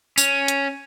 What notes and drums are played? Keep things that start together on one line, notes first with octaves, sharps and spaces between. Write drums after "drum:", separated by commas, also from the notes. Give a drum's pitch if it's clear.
C#4, drum: tambourine
drum: hi-hat